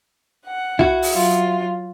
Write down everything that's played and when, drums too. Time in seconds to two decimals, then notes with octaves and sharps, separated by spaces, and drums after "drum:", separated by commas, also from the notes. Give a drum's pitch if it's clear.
0.46 F#5
0.79 E4 F#4, drum: kick
1.02 drum: open hi-hat
1.13 F#3 F4